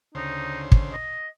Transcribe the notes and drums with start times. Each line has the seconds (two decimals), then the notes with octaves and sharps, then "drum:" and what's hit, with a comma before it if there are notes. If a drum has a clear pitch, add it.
0.15 D2 C#3 D#4 C5
0.72 drum: kick
0.93 D#5